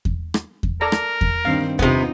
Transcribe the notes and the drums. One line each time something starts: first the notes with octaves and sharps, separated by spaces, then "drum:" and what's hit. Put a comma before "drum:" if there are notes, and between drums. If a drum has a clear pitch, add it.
drum: kick E2
drum: rim click
drum: kick E2
A4 A#4 D5 A#5
drum: rim click
drum: kick E2
G2 D#3 C4 F5
C3 B3 C4 D#4 F4, drum: kick E2